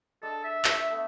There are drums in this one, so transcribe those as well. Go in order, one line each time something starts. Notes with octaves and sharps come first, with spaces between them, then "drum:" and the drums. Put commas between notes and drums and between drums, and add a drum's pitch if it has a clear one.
G#3 D4 A4
E5
A3, drum: clap
A3 B3